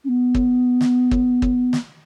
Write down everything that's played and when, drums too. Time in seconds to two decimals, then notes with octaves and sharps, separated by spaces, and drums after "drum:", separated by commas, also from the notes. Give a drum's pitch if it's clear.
0.04 C#4
0.09 B3
0.35 drum: kick
0.81 drum: snare
1.11 drum: kick
1.42 drum: kick
1.73 drum: snare